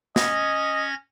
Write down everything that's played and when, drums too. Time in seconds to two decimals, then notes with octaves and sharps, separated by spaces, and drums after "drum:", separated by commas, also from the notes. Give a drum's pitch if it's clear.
0.16 C#4 D#5 G#6 A#6, drum: snare